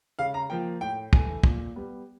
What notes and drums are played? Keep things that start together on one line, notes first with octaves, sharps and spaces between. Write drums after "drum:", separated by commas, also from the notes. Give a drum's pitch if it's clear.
C#3 F5
A#5
F3 A#3 G5
A2 G5
E3 A3 G#5, drum: kick
A#2, drum: kick
G3 B3